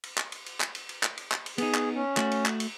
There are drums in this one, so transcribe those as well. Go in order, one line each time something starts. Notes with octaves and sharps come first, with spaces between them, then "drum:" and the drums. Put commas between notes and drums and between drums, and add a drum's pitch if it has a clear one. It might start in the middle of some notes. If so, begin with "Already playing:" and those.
drum: cymbal
drum: clap
drum: cymbal
drum: cymbal
drum: clap
drum: cymbal
drum: cymbal
drum: clap
drum: cymbal
drum: clap
drum: cymbal
B3 D#4 G#4, drum: cymbal
drum: clap
C#4
A3 F#4, drum: clap
drum: cymbal
drum: clap
drum: cymbal